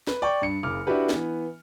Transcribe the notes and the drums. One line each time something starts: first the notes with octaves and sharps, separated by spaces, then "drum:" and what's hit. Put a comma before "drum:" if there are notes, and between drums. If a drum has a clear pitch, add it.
B4, drum: snare
D5 G5 C#6
G2 C#7
F#1 C#3 D6 F6
D4 E4 F#4 G4 B4
E3 B3, drum: snare